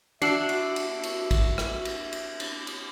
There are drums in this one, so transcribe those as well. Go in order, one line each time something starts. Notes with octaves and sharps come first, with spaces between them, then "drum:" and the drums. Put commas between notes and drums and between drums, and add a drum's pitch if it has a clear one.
D4 F#4 E5 E6 C7, drum: cymbal
drum: cymbal
drum: cymbal
drum: cymbal
drum: kick A1, cymbal
drum: rim click
drum: cymbal
drum: cymbal
drum: cymbal
drum: cymbal